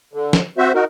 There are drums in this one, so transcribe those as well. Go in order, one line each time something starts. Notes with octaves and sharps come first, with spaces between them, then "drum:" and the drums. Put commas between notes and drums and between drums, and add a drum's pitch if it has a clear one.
D3
drum: snare
C4 F#4 C5 E5
D#4 F#4 A#4